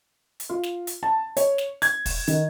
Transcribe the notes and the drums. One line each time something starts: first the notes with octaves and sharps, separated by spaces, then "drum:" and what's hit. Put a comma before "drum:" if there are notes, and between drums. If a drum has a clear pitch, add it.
drum: hi-hat
F4
drum: snare
drum: hi-hat
A5
C#5, drum: hi-hat
drum: snare
G#6, drum: hi-hat
drum: kick, open hi-hat
D#3, drum: hi-hat